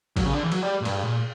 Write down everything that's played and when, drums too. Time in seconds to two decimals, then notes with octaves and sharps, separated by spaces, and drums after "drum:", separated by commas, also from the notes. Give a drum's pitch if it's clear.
0.17 F#3, drum: kick A1, cymbal
0.26 C#3
0.33 D3
0.43 E3
0.52 F#3, drum: cymbal
0.63 G3
0.81 A#2
0.85 G2, drum: cymbal
1.03 A#2